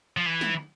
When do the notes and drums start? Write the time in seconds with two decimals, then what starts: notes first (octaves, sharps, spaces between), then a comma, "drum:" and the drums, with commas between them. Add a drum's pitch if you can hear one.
0.17 F3
0.26 E3
0.41 drum: snare